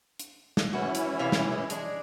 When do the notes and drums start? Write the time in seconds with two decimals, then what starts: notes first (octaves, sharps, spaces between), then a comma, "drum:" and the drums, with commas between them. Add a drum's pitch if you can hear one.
0.19 drum: hi-hat
0.57 drum: snare
0.73 E3 C#4 E4 F#4
0.95 drum: hi-hat
1.19 C3 F5
1.32 drum: snare
1.52 G#3
1.70 G#3 D4, drum: hi-hat